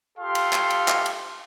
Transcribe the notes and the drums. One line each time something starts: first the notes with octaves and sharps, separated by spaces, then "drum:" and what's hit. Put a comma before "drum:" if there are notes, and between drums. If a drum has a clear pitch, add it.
F4 G4 A4 F5 C6
drum: cymbal
drum: clap
drum: cymbal
drum: clap
drum: cymbal